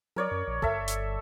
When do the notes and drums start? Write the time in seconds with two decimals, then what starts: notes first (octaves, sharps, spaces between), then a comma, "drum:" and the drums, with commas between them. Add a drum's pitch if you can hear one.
0.16 F#3 A#4 C#5 D5
0.31 F#2
0.48 A#1
0.62 G1 A4 E5, drum: kick G1
0.88 drum: hi-hat